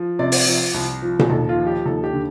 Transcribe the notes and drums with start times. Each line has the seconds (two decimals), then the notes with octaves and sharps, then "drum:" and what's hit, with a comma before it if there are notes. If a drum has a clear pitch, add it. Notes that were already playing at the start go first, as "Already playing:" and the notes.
Already playing: F3
0.19 C3 D5
0.32 drum: open hi-hat
0.46 F3
0.74 C2
1.02 F3
1.19 drum: tom B2
1.30 D#2 A4
1.49 F4
1.58 F3
1.67 G4
1.86 D#2 A4
2.04 G4
2.13 D3